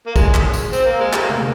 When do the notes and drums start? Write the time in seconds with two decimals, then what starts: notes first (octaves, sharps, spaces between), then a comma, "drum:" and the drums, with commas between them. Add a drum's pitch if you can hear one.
0.07 A#3
0.16 G#3, drum: kick, tambourine
0.34 drum: clap
0.54 drum: tambourine
0.73 C4, drum: tambourine
0.86 A#3
1.00 G#3
1.13 G3 A#3, drum: clap
1.30 drum: tom